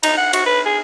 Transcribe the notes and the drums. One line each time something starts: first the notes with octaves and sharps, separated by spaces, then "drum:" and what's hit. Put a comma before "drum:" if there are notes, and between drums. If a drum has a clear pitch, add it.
D#4, drum: cymbal
F#5
F#4, drum: cymbal
B4
G#4